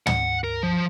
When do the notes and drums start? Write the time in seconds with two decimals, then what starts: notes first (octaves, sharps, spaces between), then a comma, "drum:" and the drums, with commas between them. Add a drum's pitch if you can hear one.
0.07 F#5, drum: tom
0.44 A#4
0.63 F3